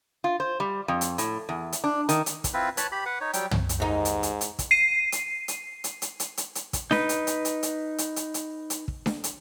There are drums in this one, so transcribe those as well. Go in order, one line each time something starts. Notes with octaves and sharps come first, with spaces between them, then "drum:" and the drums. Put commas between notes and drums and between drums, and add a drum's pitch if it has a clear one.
F4
C5
G3
F2
drum: hi-hat
A2, drum: hi-hat
E2
drum: hi-hat
D4
D#3, drum: hi-hat
drum: hi-hat
drum: kick, hi-hat
C4 E4 F4 B4
B4 C#5 A5 B5, drum: hi-hat
G4 B5
B4 F#5
D#4 C#5
F#3 G3 G5, drum: hi-hat
drum: tom
drum: hi-hat
D#2 G#2 D#4
drum: hi-hat
drum: hi-hat
drum: hi-hat
drum: kick, hi-hat
C7 D#7
drum: hi-hat
drum: hi-hat
drum: hi-hat
drum: hi-hat
drum: hi-hat
drum: hi-hat
drum: hi-hat
drum: kick, hi-hat
D#4 B4, drum: snare D4
drum: hi-hat
drum: hi-hat
drum: hi-hat
drum: hi-hat
drum: hi-hat
drum: hi-hat
drum: hi-hat
drum: hi-hat
drum: kick
drum: snare D4
drum: hi-hat